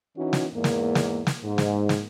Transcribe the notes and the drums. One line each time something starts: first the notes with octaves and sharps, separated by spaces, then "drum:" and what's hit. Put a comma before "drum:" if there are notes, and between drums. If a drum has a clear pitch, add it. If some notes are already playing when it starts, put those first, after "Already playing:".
E3 C#4 D#4 F#4
drum: snare
E2 G#2 A#3
drum: snare
drum: snare
drum: snare
G#2
drum: snare
drum: snare